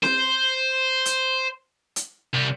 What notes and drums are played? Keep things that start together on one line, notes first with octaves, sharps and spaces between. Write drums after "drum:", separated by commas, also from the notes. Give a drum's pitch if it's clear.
C5, drum: snare C4
drum: hi-hat
drum: hi-hat
C2 G3